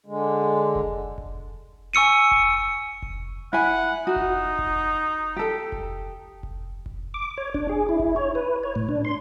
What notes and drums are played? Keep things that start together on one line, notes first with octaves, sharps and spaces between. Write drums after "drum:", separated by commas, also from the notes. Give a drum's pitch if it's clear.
D3 G#3
drum: kick F1
drum: kick F1
G#5 C#6 E6 C#7 D#7
drum: kick F1
drum: kick F1
E4 F#5 G#5
D#4 F#4
drum: kick F1
drum: kick F1
G4 A4
drum: kick F1
drum: kick F1
drum: kick F1
D6
C#5
D4, drum: kick F1
G#4
E4
drum: kick F1
C#5
B4
C#5
A2
D4
C6